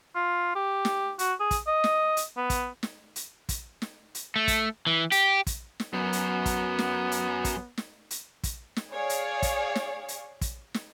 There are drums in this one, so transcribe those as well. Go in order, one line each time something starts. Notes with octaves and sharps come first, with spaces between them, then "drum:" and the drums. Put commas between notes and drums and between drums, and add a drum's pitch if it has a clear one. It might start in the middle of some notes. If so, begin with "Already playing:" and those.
F4
G4
drum: snare
F#4, drum: hi-hat
G#4
drum: kick, hi-hat
D#5
drum: snare
drum: hi-hat
B3
drum: kick, hi-hat
drum: snare
drum: hi-hat
drum: kick, hi-hat
drum: snare
drum: hi-hat
A3
drum: kick, hi-hat
E3
G4, drum: hi-hat
drum: kick, hi-hat
drum: snare
F#2 F#3 B3
drum: hi-hat
drum: kick, hi-hat
drum: snare
drum: hi-hat
drum: kick, hi-hat
drum: snare
drum: hi-hat
drum: kick, hi-hat
drum: snare
G#4 C#5 D5 F5
drum: hi-hat
drum: kick, hi-hat
drum: snare
drum: hi-hat
drum: kick, hi-hat
drum: snare